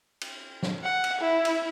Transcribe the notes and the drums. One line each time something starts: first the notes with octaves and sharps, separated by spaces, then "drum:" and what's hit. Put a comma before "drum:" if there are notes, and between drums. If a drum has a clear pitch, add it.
drum: cymbal
drum: snare
F#5
drum: cymbal
E4
drum: cymbal